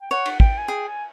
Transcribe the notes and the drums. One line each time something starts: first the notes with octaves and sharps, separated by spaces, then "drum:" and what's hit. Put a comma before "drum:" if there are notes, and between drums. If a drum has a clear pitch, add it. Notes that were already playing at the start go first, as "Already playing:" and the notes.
G5
C#5 F#5
drum: cymbal
G5, drum: kick
G#5
G#4 G5
G#5